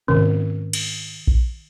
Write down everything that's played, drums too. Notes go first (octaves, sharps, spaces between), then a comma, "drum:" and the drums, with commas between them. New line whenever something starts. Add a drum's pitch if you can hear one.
G#2 C3 D#3 C#4
drum: cymbal
drum: kick A#1